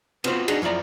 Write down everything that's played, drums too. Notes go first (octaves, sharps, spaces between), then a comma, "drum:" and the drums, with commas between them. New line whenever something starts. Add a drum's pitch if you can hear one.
B3 C4 F4 F#4 C5, drum: cymbal
D4 D#4 F#4 G#4, drum: cymbal
F#2 F3 E4 D5 A#5